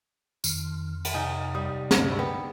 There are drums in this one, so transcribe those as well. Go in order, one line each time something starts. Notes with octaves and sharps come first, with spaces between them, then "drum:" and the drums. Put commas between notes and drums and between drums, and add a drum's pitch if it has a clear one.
F2 D#3, drum: tambourine
drum: cymbal
C3 D#4 G#5
G3 D#6
D2 G2, drum: snare
B3 G5